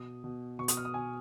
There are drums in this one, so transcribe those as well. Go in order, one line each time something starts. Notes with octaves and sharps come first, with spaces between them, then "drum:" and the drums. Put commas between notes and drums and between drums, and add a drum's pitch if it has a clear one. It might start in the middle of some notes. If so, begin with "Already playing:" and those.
Already playing: B2 D#6
B2
B2 C#6
D#6, drum: hi-hat
F6
D#6
B2 G#5